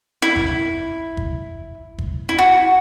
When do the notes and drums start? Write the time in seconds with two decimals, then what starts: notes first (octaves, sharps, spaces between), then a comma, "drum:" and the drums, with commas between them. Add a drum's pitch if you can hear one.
0.22 E4
0.36 drum: kick G1
1.17 drum: kick G1
1.98 drum: kick G1
2.29 E4
2.38 F#4